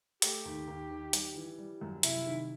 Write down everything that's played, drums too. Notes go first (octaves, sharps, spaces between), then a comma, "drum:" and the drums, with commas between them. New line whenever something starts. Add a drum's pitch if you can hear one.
A3 G4, drum: hi-hat
D#2
D#2
D#3
G3, drum: hi-hat
E3
G3
F#2
C3 E4, drum: hi-hat
D#3